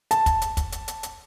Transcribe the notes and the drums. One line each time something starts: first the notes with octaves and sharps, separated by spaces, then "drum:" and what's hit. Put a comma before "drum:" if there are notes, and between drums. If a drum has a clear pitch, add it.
A5, drum: hi-hat
drum: kick, hi-hat
drum: hi-hat
drum: kick, hi-hat
drum: hi-hat
drum: hi-hat
drum: hi-hat